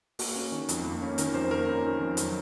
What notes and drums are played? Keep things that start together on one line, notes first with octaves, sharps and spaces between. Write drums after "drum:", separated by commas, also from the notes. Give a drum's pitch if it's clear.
A#3 F#4, drum: open hi-hat
C#4
D#3
F2, drum: hi-hat
A#3
C#4
D#3 A#4, drum: hi-hat
F2 C5
A#3 A#4
C#4
D#3
F2
F#3, drum: hi-hat